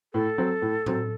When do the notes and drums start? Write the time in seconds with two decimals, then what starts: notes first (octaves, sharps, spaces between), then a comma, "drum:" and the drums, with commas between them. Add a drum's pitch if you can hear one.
0.14 A2 A4
0.38 F#3 C4
0.62 A2
0.86 F#3 C4, drum: tom A2